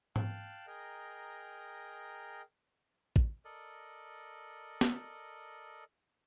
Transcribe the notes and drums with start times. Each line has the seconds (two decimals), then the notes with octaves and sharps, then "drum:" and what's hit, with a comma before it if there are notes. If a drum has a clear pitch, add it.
0.16 F5 G5 A5 F#6, drum: tom G#2
0.67 G#4 A#4 D#5 G5 A#5
3.16 drum: kick
3.45 A4 A#4 D5 D#5
4.81 drum: snare